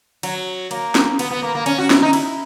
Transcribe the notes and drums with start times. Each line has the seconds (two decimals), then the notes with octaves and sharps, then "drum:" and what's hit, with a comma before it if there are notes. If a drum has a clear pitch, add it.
0.23 F#3, drum: cymbal
0.71 A#3, drum: cymbal
0.95 drum: snare
1.19 B3, drum: cymbal
1.31 B3
1.42 A#3
1.55 A#3
1.66 C#4, drum: cymbal
1.78 F#4
1.90 E4, drum: snare
2.02 D#4
2.13 E4, drum: cymbal